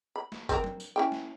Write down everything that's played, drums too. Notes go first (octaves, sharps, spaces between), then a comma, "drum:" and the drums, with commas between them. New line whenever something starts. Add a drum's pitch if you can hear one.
B5
drum: snare
C4 A#4, drum: kick G1, tambourine
drum: tom F#3
drum: tambourine
C#4 E4 G5
drum: snare